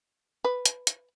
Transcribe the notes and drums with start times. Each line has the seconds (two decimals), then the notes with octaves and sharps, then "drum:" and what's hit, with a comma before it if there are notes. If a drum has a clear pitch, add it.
0.44 B4
0.66 drum: hi-hat
0.87 drum: hi-hat